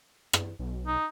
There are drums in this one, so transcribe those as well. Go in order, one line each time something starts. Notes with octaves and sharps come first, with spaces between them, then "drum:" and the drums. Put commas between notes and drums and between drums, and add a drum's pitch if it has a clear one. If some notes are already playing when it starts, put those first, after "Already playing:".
drum: rim click
B1
D#4